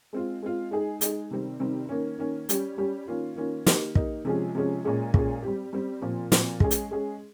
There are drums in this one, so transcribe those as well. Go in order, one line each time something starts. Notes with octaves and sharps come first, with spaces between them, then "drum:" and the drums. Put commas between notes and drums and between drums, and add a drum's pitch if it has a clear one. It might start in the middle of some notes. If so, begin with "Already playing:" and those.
G#3 C4 F4
G#3 C4 F4
G#3 D#4 G#4
G#3 D#4 G#4, drum: hi-hat
C3 D#3 G3 C4
C3 D#3 G3 C4
D#3 A#3 C#4
D#3 A#3 C#4
G3 C#4 G4, drum: hi-hat
G3 C#4 G4
D#3 A#3 C#4 F4
D#3 A#3 C#4 F4
D#3 A#3 D#4 G4, drum: snare
D#3 A#3 D#4 G4, drum: kick
C3 F3 G#3 C#4 G#4
C3 F3 G#3 C#4 G#4
A#2 G#3 C#4 G#4
A#2 G#3 C#4 G#4, drum: kick
G3 C4 G4
G3 C4 G4
A#2 F3 C4
A#2 F3 C4, drum: snare
G#3 C#4 G#4, drum: kick
drum: hi-hat
G#3 C#4 G#4